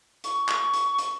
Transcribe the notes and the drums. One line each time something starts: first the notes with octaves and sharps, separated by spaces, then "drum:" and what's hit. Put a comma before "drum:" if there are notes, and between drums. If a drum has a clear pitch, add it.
C#6, drum: hi-hat
drum: clap
drum: hi-hat
drum: hi-hat